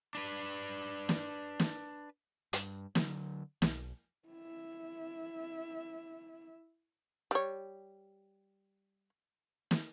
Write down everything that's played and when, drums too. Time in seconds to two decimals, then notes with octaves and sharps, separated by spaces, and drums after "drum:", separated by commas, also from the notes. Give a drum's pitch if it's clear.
0.15 D4 B4
1.09 drum: snare
1.60 drum: snare
2.53 G2, drum: hi-hat
2.95 D3 F#3, drum: snare
3.62 B1, drum: snare
4.28 E4 E5
7.31 G3 C#5
9.71 drum: snare